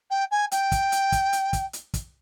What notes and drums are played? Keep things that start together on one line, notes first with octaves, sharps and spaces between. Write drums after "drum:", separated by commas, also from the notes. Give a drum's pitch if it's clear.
G5
G#5
G5, drum: hi-hat
drum: kick, hi-hat
drum: hi-hat
drum: kick, hi-hat
drum: hi-hat
drum: kick, hi-hat
drum: hi-hat
drum: kick, hi-hat